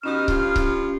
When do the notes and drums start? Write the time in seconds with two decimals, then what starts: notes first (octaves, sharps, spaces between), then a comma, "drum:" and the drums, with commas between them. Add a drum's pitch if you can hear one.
0.03 B2 C#4 D#4 G4 F6
0.28 G2 F3 F4, drum: kick C#1
0.56 drum: kick C#1